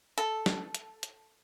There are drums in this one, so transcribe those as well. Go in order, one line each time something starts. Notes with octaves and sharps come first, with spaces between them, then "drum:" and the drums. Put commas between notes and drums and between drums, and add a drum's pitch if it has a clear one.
A4, drum: hi-hat
drum: snare
drum: hi-hat
drum: hi-hat